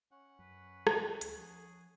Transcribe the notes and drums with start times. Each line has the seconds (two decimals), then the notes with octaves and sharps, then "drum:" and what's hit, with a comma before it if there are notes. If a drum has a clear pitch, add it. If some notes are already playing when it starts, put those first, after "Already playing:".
0.11 C#4 F#5
0.39 F#2 B4
0.87 drum: rim click
1.21 D2, drum: hi-hat
1.37 F3 G#4